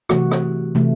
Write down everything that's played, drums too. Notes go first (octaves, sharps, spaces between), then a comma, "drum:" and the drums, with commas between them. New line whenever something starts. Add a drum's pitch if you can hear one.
C3 E3 A3 F#4, drum: rim click
drum: rim click
C3 E3 A3